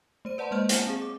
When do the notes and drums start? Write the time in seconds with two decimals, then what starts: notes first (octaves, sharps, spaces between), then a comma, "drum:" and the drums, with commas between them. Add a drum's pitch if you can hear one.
0.25 A3 C5 D#7
0.38 B4 D5 F#5 A5 B5 C6
0.51 G#3 A#3 C5 D#5 F6 G6
0.69 C5 C#5 F#5 G#5 A5, drum: hi-hat
0.87 C4 G#4
1.02 D6